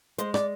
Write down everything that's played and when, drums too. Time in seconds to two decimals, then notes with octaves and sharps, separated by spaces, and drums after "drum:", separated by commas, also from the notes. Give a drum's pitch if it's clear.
0.18 G#3 C5, drum: hi-hat
0.34 D5, drum: rim click